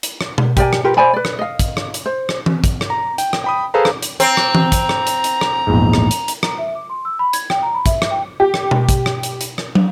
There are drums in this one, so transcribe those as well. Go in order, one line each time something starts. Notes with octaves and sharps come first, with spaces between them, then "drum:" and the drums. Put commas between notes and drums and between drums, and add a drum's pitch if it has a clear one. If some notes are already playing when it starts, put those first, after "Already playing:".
drum: hi-hat
drum: rim click
drum: tom B2
G4 A#4 D5 G#5, drum: kick, hi-hat
drum: rim click
F4 G4 A#4 B4
C5 D5 G#5 B5
B4 D5
drum: rim click
D#5 F5
drum: kick, hi-hat
drum: rim click
drum: hi-hat
C5
drum: rim click
drum: tom E3
drum: kick, hi-hat
drum: rim click
A#5
G5, drum: hi-hat
drum: rim click
G5 B5 D#6
G#4 A4 B4 C5 F5 A#5
drum: rim click
drum: hi-hat
C4 A#5, drum: hi-hat
drum: rim click
drum: tom E3
drum: kick, hi-hat
drum: rim click
drum: hi-hat
drum: hi-hat
drum: rim click
A#1 E2 G#2
drum: rim click
drum: hi-hat
drum: hi-hat
A#5, drum: rim click
E5
D6
C6
E6
B5
G#6, drum: hi-hat
G5, drum: rim click
A#5
B5
E5, drum: kick, hi-hat
drum: rim click
G5
G4
drum: rim click
drum: tom B2
drum: kick, hi-hat
drum: rim click
drum: hi-hat
drum: hi-hat
drum: rim click
drum: tom